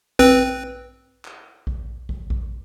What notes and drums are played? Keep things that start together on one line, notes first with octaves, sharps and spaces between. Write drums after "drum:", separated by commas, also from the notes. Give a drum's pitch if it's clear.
C4 B4, drum: kick
drum: clap
drum: kick
drum: kick
drum: kick